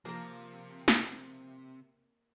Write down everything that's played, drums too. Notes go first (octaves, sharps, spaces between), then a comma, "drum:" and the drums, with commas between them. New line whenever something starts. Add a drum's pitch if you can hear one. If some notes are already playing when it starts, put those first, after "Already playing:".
C3 F3 A#3 A#4
drum: snare